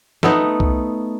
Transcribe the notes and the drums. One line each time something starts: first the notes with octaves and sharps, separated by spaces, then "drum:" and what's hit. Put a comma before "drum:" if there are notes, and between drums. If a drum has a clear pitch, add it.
A3 B3 D#4, drum: snare
drum: kick C2